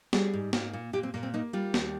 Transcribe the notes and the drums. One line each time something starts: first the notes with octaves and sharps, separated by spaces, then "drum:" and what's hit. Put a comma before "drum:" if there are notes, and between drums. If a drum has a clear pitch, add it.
G3 G#4, drum: snare
G#2
A#3, drum: snare
A#2
A#2 G4
C4
A#2 A#3
C4
A#3 D#4
G3 F4
D#2, drum: snare